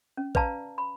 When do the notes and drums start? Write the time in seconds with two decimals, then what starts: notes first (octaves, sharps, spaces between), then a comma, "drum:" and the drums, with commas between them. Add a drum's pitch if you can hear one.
0.17 C#4
0.35 B4 D5 F5 A5 A#5, drum: kick A1
0.78 B5